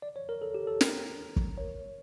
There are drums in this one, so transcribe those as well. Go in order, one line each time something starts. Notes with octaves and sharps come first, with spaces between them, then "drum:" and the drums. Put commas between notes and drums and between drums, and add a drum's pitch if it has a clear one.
D5
C#5
A#4
A4
G4
A4
A#4, drum: snare
drum: kick
C#5